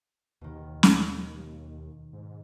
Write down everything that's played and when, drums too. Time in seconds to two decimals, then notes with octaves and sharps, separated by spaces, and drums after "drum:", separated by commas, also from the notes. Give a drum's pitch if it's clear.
0.41 D#2 B2 D#3
0.83 drum: snare
2.13 G#2